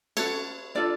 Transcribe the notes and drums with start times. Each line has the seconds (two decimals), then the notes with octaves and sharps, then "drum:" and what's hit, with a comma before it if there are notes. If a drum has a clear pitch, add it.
0.17 C#4 F#4 A4 C#5, drum: cymbal
0.75 D4 F4 A4 D5